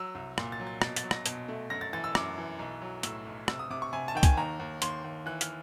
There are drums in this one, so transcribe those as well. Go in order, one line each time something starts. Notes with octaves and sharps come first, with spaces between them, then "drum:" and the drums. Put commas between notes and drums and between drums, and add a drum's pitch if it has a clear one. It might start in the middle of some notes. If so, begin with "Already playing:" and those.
Already playing: F#3 E6
C2
A#2, drum: rim click
A6
F#3
A6
B2 A6, drum: rim click
A6, drum: hi-hat
F#3
A#6, drum: rim click
B2, drum: hi-hat
A3
F#2 A#6
A6
E3 A6
E6
F#2 D6, drum: rim click
E3
B1
F#3
A2 E6, drum: hi-hat
B1
C3 E6, drum: rim click
D#6
C3 D6
C#6
C3 G#5
A5
D#3 G5
G#5, drum: kick C2, hi-hat
D#2 A#5
D#2
D#2 C6, drum: hi-hat
D#2
E3 F#6
F6, drum: hi-hat